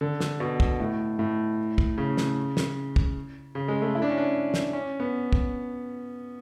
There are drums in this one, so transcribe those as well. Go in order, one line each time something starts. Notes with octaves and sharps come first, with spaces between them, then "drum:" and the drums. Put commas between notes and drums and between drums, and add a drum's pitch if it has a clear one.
D3
drum: snare
B2
drum: kick
A2
A2
drum: kick
C#3
drum: snare
drum: snare
drum: kick
C#3
G#3
A3
E4
D4
C#4
D4
drum: snare
C#4
B3
drum: kick